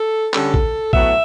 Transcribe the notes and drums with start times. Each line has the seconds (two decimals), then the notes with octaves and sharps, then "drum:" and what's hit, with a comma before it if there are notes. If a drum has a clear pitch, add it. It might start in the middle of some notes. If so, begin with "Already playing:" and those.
Already playing: A4
0.34 D3 G3 C#4 A4, drum: clap
0.54 drum: kick A1
0.93 A2 F#3 B3 E5, drum: kick A1